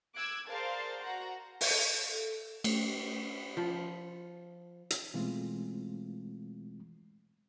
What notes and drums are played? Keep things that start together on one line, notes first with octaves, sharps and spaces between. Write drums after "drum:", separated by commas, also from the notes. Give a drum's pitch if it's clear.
D6 E6 F#6 G#6
G#4 A#4 C5 D5 F5 A5
F#4 F#5 A#5
drum: open hi-hat
A4
A3, drum: cymbal
F3
drum: hi-hat
B2 E3 G#3 A3 C4 F4